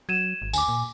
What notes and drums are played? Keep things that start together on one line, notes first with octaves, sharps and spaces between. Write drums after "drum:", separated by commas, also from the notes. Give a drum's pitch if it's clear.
F#3 G#6 D#7 E7
G#1
D2 G#5 D6, drum: tambourine
A#2